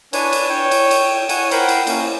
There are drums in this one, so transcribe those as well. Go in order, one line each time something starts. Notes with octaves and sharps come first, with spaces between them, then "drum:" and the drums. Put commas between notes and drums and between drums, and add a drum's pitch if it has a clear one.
D4 B4 C#5 G#5, drum: cymbal
drum: cymbal
C#5 G5
drum: cymbal
drum: cymbal
C#5 F#5 G#5, drum: cymbal
A#4 C5 F#5 G5 B5, drum: cymbal
drum: cymbal
A#3 C#4, drum: cymbal